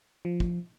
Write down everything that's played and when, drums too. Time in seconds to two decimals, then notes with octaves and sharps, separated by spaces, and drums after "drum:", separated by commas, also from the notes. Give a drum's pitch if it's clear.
0.25 F3
0.40 drum: kick